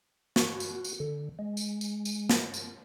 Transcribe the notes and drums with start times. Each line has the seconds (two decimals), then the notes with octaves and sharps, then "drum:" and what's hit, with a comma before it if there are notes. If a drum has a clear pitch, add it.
0.36 F#4, drum: snare
0.60 drum: tambourine
0.84 drum: tambourine
1.00 D3
1.39 G#3
1.57 drum: tambourine
1.81 drum: tambourine
2.05 drum: tambourine
2.29 drum: snare
2.54 drum: tambourine